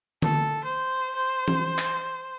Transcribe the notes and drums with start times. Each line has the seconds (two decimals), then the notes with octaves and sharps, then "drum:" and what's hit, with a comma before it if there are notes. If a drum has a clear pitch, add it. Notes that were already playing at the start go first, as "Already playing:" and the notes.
0.22 A4, drum: tom D3
0.64 C5
1.15 C5
1.48 drum: tom E3
1.78 drum: clap